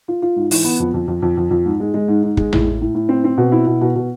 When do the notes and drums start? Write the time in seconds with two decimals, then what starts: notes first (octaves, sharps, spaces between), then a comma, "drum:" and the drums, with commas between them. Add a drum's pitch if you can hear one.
0.08 F4
0.22 F4
0.36 G#2
0.51 E3, drum: open hi-hat
0.65 B3
0.80 F2
0.94 F2
1.08 F2
1.22 F2
1.37 F2
1.51 F2
1.66 G#2
1.80 G#3
1.94 G#3
2.08 G#2
2.23 G#2
2.37 G#3, drum: kick
2.53 A2, drum: tom A1
2.67 A2
2.81 A2
2.95 A2
3.09 C4
3.24 C4
3.38 B2
3.52 E4
3.67 B2
3.81 B2
3.95 B2